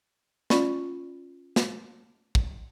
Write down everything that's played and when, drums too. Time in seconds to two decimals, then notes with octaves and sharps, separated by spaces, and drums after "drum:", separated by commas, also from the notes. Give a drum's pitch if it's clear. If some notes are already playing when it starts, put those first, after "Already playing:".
0.50 C#4 F4 D5 B5 C#6, drum: snare
1.56 drum: snare
2.35 drum: kick